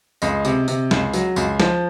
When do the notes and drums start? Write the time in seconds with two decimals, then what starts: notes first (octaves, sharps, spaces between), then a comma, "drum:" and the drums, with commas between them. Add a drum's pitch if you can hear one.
0.22 C#2 D#5, drum: tambourine
0.45 C3, drum: tambourine
0.68 C3, drum: tambourine
0.91 C#2, drum: snare
1.13 F#3, drum: tambourine
1.36 C#2, drum: tambourine
1.60 F3, drum: snare